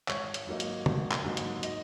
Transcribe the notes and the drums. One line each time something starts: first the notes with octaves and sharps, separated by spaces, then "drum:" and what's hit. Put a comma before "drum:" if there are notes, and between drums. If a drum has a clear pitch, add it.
G#1 C#5, drum: clap
drum: hi-hat
G#2 F#3 A#3 D#4
drum: hi-hat
G#1, drum: tom C#3
drum: clap
G#2 F#3 A#3 D#4
drum: hi-hat
D#5, drum: hi-hat